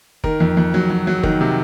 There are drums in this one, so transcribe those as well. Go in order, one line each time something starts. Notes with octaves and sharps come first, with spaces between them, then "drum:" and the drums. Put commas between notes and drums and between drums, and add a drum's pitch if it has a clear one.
D#3 A#4, drum: kick F#1
F2
F2
F#3
F#3
F#3
D#3, drum: kick F#1
C3